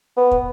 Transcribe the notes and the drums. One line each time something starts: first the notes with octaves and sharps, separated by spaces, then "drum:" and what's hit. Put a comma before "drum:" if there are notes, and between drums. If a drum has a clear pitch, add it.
B3
drum: kick